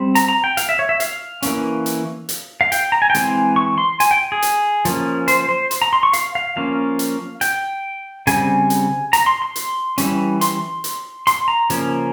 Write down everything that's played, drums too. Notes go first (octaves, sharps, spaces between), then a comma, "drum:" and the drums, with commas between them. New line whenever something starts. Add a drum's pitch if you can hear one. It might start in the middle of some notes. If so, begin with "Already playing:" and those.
Already playing: G3 C4
A#5, drum: hi-hat
A#5
G5
F5, drum: hi-hat
E5
C#5
E5
F5, drum: hi-hat
E3 A#3 C#4, drum: hi-hat
drum: hi-hat
drum: hi-hat
F5
G5, drum: hi-hat
A#5
G#5
G5
E3 G#3 C4 G#5, drum: hi-hat
C#6
C6
G#5, drum: hi-hat
G5
G#4
drum: hi-hat
F3 A#3 C#4, drum: hi-hat
C5, drum: hi-hat
C5
drum: hi-hat
A#5
C6
C#6
F5, drum: hi-hat
F5
F3 A#3 C#4 F5
drum: hi-hat
G5, drum: hi-hat
C#3 G3 C4 G#5, drum: hi-hat
drum: hi-hat
A#5, drum: hi-hat
C6
C6
drum: hi-hat
E3 G3 C#4, drum: hi-hat
C6, drum: hi-hat
drum: hi-hat
C6, drum: hi-hat
A#5
C#3 F3 A#3 C#4, drum: hi-hat